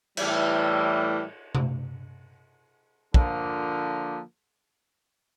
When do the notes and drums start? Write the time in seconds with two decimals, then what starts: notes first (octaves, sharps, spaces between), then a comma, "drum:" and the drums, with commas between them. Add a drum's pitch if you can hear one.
0.17 A2 E3 G3, drum: cymbal
1.55 drum: tom C3
3.14 D3 F3 A#3, drum: kick